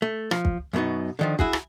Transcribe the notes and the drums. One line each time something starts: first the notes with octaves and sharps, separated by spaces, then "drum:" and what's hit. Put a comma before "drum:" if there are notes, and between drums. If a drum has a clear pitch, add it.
A3
F3, drum: rim click
drum: kick
F#2 B2 A3 B3 D#4
D3 D#3 F3
E4 F#4 G#4, drum: kick
drum: rim click